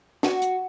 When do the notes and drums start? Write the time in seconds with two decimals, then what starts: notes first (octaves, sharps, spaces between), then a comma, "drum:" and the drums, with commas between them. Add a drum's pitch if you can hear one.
0.23 F#4, drum: snare
0.42 drum: hi-hat